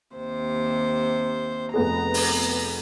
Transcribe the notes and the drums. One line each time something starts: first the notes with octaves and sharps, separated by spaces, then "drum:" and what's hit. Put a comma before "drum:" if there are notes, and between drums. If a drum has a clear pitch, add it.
D#2 C3 C5
F1 B3 G#4 A#5
drum: open hi-hat